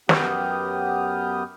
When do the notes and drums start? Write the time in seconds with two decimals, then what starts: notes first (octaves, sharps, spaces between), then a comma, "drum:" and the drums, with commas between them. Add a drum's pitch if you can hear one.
0.09 F#2 B3 G4 D#6 F6 G6, drum: snare